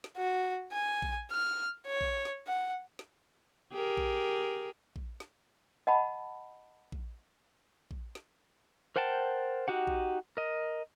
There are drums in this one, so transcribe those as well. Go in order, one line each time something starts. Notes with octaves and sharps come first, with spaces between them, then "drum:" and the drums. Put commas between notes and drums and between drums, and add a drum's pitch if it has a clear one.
drum: snare
F#4
G#5
drum: kick A#1
F6
C#5
drum: kick A#1
drum: snare
F#5
drum: snare
G4 G#4 A#4
drum: kick A#1
drum: kick A#1
drum: snare
D#5 F#5 A5 B5
drum: kick A#1
drum: kick A#1
drum: snare
A#4 C5 F#5 G5 A5
D#4 F#4 G4 F#5
drum: kick A#1
A#4 D#5